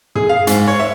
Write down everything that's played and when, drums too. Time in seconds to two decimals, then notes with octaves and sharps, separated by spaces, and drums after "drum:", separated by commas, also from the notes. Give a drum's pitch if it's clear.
0.15 G#4, drum: tom
0.29 F5
0.47 G#2, drum: hi-hat
0.68 C#5
0.79 E5